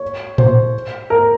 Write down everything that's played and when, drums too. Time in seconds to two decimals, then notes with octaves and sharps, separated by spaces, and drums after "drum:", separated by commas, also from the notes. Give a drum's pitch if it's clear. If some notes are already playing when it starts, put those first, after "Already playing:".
Already playing: C#5
0.38 C5, drum: tom A2
1.10 A#4